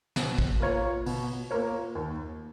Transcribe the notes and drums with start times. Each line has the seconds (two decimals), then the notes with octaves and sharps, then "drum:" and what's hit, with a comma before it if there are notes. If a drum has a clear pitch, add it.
0.16 B2, drum: snare
0.38 drum: kick
0.60 A#3 F4 A#4 C#5
1.06 B2, drum: open hi-hat
1.51 A#3 F4 A#4 C#5
1.95 D#2